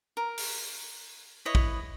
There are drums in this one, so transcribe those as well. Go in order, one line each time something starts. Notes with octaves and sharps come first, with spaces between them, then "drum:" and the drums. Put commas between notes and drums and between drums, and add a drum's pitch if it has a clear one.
A#4
drum: open hi-hat
E4 B4 C#5 D#5
drum: kick